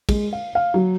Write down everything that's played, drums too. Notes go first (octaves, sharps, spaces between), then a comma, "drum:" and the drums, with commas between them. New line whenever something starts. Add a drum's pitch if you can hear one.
G#3, drum: kick, cymbal
F5
F5
F#3